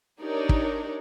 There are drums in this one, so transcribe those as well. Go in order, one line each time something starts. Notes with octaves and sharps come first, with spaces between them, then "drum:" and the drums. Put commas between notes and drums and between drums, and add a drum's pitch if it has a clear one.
D4 D#4 G4 A#4 C#5 D5
drum: kick